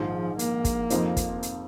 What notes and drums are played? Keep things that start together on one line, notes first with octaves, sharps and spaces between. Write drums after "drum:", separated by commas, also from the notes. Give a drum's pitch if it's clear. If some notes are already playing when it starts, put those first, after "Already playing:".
Already playing: A#1 G#2 D#3 F3
A#3, drum: hi-hat
drum: kick, hi-hat
F2 F3 C4 D#4, drum: hi-hat
drum: kick, hi-hat
drum: hi-hat